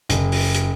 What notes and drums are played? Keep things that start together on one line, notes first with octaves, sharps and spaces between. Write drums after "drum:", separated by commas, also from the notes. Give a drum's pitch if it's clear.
F#1, drum: hi-hat
drum: open hi-hat
drum: hi-hat